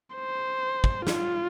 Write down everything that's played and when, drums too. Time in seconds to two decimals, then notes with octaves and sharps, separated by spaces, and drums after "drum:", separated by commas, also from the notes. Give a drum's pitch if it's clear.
0.15 C5
0.84 drum: kick
1.07 F4, drum: snare